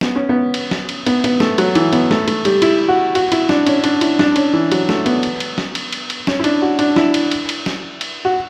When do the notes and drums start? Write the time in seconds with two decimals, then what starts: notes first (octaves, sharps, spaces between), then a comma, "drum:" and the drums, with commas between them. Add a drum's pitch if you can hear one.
0.01 B3, drum: snare
0.16 C#4
0.29 B3
0.54 drum: cymbal
0.71 drum: snare
0.89 drum: cymbal
1.06 B3, drum: cymbal
1.24 B3, drum: cymbal
1.40 A3, drum: snare
1.58 F#3, drum: cymbal
1.75 E3, drum: cymbal
1.93 B3, drum: cymbal
2.11 A3, drum: snare
2.28 A3, drum: cymbal
2.45 G3, drum: cymbal
2.62 E4, drum: cymbal
2.88 F#4
3.15 F#4, drum: cymbal
3.32 E4, drum: cymbal
3.49 D4, drum: snare
3.67 C#4, drum: cymbal
3.84 D4, drum: cymbal
4.01 E4, drum: cymbal
4.19 D4, drum: snare
4.36 C#4, drum: cymbal
4.53 E3
4.72 F#3, drum: cymbal
4.89 A3, drum: snare
5.06 B3, drum: cymbal
5.23 drum: cymbal
5.40 drum: cymbal
5.58 drum: snare
5.75 drum: cymbal
5.93 drum: cymbal
6.10 drum: cymbal
6.27 C#4, drum: snare
6.39 E4
6.44 D4, drum: cymbal
6.62 F#4
6.79 D4, drum: cymbal
6.96 E4, drum: snare
7.14 drum: cymbal
7.31 drum: cymbal
7.49 drum: cymbal
7.66 drum: snare
8.01 drum: cymbal
8.25 F#4